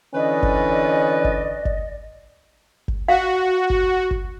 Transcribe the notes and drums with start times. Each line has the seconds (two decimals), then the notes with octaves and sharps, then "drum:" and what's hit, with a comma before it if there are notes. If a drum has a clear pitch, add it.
0.14 D3 E3 C#4 B4 D5 D#5
0.43 drum: kick G#1
1.24 drum: kick G#1
1.65 drum: kick G#1
2.88 drum: kick G#1
3.08 F#4 F5
3.70 drum: kick G#1
4.11 drum: kick G#1